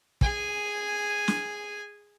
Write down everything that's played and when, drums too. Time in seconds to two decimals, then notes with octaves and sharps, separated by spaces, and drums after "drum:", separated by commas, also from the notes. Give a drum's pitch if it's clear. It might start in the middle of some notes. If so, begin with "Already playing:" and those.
0.21 G#4 G#5, drum: kick
1.28 drum: snare